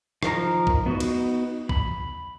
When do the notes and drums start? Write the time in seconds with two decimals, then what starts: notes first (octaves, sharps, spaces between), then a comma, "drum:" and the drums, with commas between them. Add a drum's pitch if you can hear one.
0.23 D#3 F3 A#4 A#5, drum: rim click
0.67 drum: kick B1
0.86 B3 D#4 F#4
1.00 drum: cymbal
1.69 B5, drum: kick B1